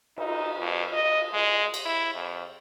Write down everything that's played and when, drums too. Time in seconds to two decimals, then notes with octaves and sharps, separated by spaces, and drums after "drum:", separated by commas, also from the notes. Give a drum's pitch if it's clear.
0.18 D#4, drum: cymbal
0.58 F2
0.93 D#5
1.34 G#3
1.74 drum: cymbal
1.86 E4
2.14 F2